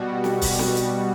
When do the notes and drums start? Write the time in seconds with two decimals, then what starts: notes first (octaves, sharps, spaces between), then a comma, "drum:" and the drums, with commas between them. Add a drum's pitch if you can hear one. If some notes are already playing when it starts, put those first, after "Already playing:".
Already playing: B2 G3 F#4
0.24 drum: snare
0.41 drum: kick, open hi-hat
0.59 drum: snare
0.77 drum: hi-hat